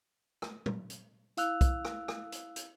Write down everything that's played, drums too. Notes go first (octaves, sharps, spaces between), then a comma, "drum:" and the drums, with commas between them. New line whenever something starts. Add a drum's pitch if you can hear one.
drum: rim click
drum: tom
drum: hi-hat
E4 F5 E6 F#6 F7, drum: hi-hat
drum: kick B1, hi-hat
drum: rim click
drum: rim click
drum: hi-hat
drum: hi-hat